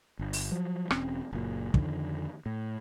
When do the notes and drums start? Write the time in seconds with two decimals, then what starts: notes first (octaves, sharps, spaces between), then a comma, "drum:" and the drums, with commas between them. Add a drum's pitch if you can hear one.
0.19 G1
0.33 drum: open hi-hat
0.52 F3 F#3
0.90 E1 C4 C#4, drum: rim click
1.32 F#1 A#2
1.74 F2 D3 D#3, drum: kick
2.46 A2